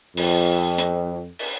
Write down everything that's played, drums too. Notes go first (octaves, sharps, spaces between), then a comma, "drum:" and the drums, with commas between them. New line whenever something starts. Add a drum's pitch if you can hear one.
F2, drum: open hi-hat
drum: hi-hat
drum: open hi-hat